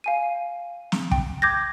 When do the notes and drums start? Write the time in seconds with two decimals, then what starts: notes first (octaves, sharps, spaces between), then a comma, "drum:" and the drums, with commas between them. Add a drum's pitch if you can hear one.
0.04 F5 G#5 D#7
0.92 drum: snare
1.11 G5, drum: kick
1.42 D6 G6 G#6 A#6